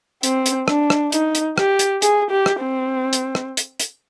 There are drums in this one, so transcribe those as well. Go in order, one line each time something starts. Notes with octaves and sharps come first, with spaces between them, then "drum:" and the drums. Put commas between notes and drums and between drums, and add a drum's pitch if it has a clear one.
C4, drum: hi-hat
drum: hi-hat
D4, drum: rim click
drum: rim click
D#4, drum: hi-hat
drum: hi-hat
G4, drum: rim click
drum: hi-hat
G#4, drum: hi-hat
G4
drum: rim click
C4
drum: hi-hat
drum: rim click
drum: hi-hat
drum: hi-hat